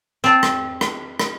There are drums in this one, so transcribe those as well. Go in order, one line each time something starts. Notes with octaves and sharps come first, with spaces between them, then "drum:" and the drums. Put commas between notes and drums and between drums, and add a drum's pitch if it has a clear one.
C4 A5
drum: rim click
drum: rim click
drum: rim click